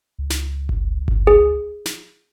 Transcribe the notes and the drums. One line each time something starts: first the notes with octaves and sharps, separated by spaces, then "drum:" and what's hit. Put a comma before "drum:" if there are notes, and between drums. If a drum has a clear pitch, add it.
C#2
drum: snare
drum: kick G1
drum: kick G1
G#4
drum: snare